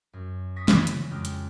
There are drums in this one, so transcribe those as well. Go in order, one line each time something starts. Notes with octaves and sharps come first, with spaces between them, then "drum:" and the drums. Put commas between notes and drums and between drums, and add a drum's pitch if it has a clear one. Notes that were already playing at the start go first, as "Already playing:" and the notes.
F#2
C#6 D#6 A#6 B6
C#3 E3, drum: snare
drum: hi-hat
F2 G#3 G4 F6
drum: hi-hat